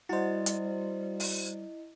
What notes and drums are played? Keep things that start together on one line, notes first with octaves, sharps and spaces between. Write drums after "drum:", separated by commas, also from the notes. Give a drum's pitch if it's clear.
G3 E4 F#4 C5 D#5
drum: hi-hat
drum: open hi-hat